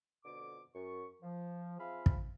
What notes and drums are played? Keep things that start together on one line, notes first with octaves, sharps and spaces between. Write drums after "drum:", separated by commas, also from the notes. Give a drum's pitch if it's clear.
F2 B2 D3 D6
F#2 C#6
F3
C4 F4 G#4 E5 F5 B5
drum: kick